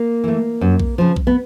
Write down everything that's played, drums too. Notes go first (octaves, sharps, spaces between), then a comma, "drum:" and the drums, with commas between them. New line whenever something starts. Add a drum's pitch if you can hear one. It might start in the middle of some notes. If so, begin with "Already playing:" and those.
Already playing: A#3
E3 A3
F#2
drum: kick A#1
C#3 F3
drum: kick A#1
B3